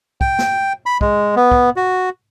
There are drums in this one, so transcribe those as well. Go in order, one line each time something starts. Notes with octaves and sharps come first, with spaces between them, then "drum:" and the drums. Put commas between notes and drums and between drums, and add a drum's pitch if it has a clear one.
G5, drum: kick
drum: snare
B5
G#3, drum: kick
B3
drum: kick
F#4